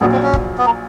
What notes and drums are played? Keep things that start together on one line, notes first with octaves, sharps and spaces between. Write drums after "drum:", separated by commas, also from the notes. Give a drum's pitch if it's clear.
A#1 A#2 F#3 B3
C4
C#4
drum: kick
B3
A#3